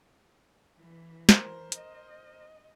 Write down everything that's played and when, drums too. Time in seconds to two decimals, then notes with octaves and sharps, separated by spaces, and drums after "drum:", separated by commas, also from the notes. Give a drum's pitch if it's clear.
0.80 E3
1.29 A#4 C5, drum: snare
1.72 D#5, drum: hi-hat